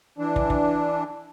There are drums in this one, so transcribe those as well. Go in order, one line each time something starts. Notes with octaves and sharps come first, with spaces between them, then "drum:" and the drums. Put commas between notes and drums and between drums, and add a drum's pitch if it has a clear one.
E3 D4
drum: kick
drum: kick